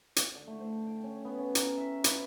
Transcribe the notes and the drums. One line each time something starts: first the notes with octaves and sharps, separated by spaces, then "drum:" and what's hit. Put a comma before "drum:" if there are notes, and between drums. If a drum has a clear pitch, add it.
drum: hi-hat
D3
A3
C5
G5
C#4
B3
C#4
A#4, drum: hi-hat
E5
B4, drum: hi-hat